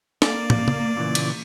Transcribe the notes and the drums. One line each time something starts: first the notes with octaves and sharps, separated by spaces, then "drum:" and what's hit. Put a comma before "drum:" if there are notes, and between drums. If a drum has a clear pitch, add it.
A#3 D5, drum: snare
drum: tom
drum: tom C#3
A#2 C#3 E3
drum: cymbal